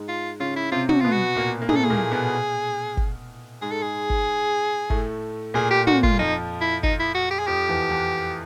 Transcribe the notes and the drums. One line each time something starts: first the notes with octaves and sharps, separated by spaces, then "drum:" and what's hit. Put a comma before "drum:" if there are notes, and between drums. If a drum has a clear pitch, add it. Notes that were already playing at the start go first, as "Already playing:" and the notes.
Already playing: G#2 G#3
F4
C#3 C#4 F4
E4
C3 C4 F4
F#4, drum: tom
B2 B3 F4
F#4
A#2 A#3
A#3
A2 A3 G#4, drum: tom
A4
G#4
A#2 A#3
B2 B3
drum: kick G1
G#2 G#3 G#4
A4
G#4
drum: kick G1
A2 A3, drum: kick G1
A#2 A#3 G#4
G4
F#4, drum: tom
F4, drum: kick G1
F2 F3 D#4
E4
D#4, drum: kick G1
E4
F#4
G4
G#4
F2 F3 G4
E2 E3
E2 E3